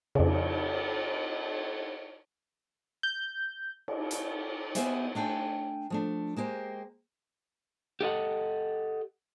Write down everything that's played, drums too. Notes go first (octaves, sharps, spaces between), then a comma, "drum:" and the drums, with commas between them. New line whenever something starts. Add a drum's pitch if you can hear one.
F2 C#3, drum: cymbal
drum: cymbal
G6
drum: cymbal
drum: hi-hat
B3 G4 C5 E5 G#5, drum: hi-hat
A3 D4 G5 G#5
F3 A3 D4
G#3 A#3 G4 C5
G4 A4 D#5 F#5